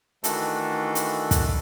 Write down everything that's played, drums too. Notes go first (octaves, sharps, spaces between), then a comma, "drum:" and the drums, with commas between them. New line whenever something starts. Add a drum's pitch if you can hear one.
D#3 E3 A3 D4 F#4 A4, drum: hi-hat
drum: hi-hat
drum: kick, hi-hat